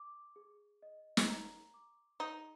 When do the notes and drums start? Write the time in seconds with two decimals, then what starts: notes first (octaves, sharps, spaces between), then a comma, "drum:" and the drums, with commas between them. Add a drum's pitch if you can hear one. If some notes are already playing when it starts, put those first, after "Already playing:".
Already playing: D6
0.36 G#4
0.82 D#5
1.17 drum: snare
1.27 A#5
1.74 D6
2.20 D#4 G#4